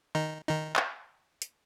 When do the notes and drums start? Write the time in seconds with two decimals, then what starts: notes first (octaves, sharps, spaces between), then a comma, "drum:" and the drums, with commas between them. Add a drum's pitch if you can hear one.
0.15 D#3 D#4
0.48 D#3 D#4
0.76 drum: clap
1.42 drum: hi-hat